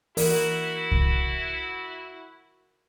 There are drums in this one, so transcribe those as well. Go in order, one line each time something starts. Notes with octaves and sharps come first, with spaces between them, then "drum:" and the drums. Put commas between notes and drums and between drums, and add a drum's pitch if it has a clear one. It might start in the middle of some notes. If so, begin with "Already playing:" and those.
E3 E4 F#4 A#4, drum: open hi-hat
drum: kick C2